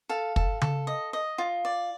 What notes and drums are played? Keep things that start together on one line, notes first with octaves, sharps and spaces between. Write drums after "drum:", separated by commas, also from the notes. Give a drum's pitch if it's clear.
A4 F5
A4, drum: kick
A4, drum: tom C#3
D#5
D#5
F4
D5